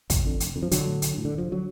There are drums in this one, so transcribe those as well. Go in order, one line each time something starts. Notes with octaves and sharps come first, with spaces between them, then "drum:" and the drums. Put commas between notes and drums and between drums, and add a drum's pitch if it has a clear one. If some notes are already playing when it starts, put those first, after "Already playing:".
F1, drum: kick, hi-hat
F2 D3
F1, drum: hi-hat
F2 D3
F3
B1 D3 F#3, drum: hi-hat
A2
B1, drum: hi-hat
A2
D3
F1 F3
D3 F#3